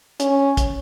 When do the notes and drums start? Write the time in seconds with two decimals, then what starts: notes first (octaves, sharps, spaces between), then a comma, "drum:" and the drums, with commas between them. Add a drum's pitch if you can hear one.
0.20 C#4, drum: hi-hat
0.57 drum: kick, hi-hat